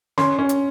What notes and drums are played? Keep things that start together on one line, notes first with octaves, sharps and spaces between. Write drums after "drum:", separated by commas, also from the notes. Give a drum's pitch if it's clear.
C#4 C6, drum: snare
C#4
drum: hi-hat